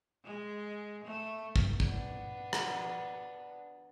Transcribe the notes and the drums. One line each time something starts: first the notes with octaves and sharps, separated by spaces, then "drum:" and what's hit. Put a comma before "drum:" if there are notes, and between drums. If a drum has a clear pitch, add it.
G#3
A3
drum: kick
B3 D4, drum: kick
drum: rim click